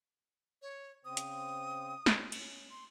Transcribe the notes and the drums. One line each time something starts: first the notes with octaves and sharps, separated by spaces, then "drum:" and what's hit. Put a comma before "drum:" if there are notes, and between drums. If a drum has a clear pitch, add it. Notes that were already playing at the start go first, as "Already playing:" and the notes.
C#5
C#3 C4 C5 D#6
drum: hi-hat
drum: snare
C#4, drum: cymbal
C6